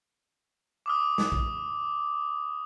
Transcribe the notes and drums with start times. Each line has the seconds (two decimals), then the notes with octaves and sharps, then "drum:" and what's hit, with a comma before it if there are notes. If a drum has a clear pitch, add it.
0.86 D6 D#6 F6
1.18 drum: snare
1.32 drum: kick